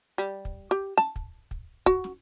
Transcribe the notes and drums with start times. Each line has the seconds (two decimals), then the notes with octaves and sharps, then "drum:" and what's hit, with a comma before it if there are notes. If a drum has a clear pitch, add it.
0.18 G3
0.45 drum: kick
0.71 G4
0.97 A5, drum: snare
1.16 drum: kick
1.51 drum: kick
1.86 F#4, drum: kick
2.04 drum: snare